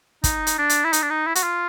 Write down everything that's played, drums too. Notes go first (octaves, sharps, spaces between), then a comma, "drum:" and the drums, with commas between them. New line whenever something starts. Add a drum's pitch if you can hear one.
D#4, drum: kick, hi-hat
drum: hi-hat
D4
drum: hi-hat
E4
D#4, drum: hi-hat
D4
D#4
E4
F#4, drum: hi-hat
F4